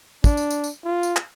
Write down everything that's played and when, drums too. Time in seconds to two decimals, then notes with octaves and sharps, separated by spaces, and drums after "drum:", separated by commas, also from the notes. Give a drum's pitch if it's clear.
0.24 D4, drum: kick, tambourine
0.37 drum: tambourine
0.50 drum: tambourine
0.64 drum: tambourine
0.84 F4
1.03 drum: tambourine
1.16 drum: clap